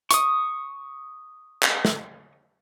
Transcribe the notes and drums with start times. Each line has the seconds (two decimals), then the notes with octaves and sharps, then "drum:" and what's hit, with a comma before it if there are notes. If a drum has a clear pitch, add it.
0.11 C#6 D#6, drum: hi-hat
1.63 drum: clap
1.85 drum: snare